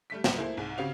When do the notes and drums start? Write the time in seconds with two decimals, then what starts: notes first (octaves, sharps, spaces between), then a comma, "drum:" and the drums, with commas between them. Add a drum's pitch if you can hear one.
0.10 G3 A3 B6
0.24 C#2 A#2 F3 F#3 A3, drum: snare
0.37 A3 A#3 E4 G#4 C5
0.57 C2 G#2 G#4
0.78 C#3 C4 F#4 G4 F5 F7